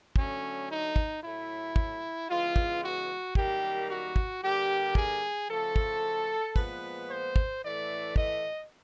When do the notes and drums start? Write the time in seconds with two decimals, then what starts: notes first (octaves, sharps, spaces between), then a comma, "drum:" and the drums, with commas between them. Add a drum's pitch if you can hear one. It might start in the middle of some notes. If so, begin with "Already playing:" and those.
0.16 D3 F#3 A3 C#4, drum: kick
0.69 D#4
0.96 drum: kick
1.22 A2 F#3 A3 E4
1.76 drum: kick
2.29 C#3 E3 G#3 B3 F4
2.56 drum: kick
2.82 F#4
3.35 F#2 D#3 G3 A#3 G4, drum: kick
3.89 F#4
4.16 drum: kick
4.42 D3 G3 A#3 G4
4.95 G#4, drum: kick
5.49 C#3 F3 A3 A4
5.76 drum: kick
6.56 A#2 F3 G#3 B3 B4, drum: kick
7.09 C5
7.36 drum: kick
7.62 A2 E3 A3 D5
8.16 D#5, drum: kick